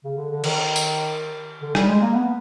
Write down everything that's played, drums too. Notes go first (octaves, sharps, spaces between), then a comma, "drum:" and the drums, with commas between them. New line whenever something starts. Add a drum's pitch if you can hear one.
C#3
D3
D3
D#3, drum: cymbal
drum: tambourine
D3
G3, drum: rim click
G#3
A#3
B3